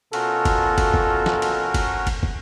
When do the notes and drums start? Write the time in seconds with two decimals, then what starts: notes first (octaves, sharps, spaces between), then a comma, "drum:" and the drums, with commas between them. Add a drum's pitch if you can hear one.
0.13 B2 C#4 F4 F#4 A4 A#4, drum: cymbal
0.45 drum: kick, cymbal
0.78 drum: kick, cymbal
0.94 drum: kick
1.26 drum: snare
1.42 drum: cymbal
1.74 drum: kick, cymbal
2.07 drum: kick, cymbal
2.23 drum: kick